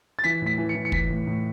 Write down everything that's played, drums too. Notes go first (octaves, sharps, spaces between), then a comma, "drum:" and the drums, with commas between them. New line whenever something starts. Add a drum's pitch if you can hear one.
A6
E3 B6
A2 B6
E3
C#7
E3
C#7
E3 B6, drum: kick
A2
A2